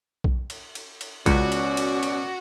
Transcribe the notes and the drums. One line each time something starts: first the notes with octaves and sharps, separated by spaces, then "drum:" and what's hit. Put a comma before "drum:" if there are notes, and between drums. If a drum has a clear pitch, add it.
drum: kick B1
drum: cymbal
drum: cymbal
drum: cymbal
C#2 B2 C#4 F#4 D5, drum: kick B1, cymbal
drum: cymbal
drum: cymbal
drum: cymbal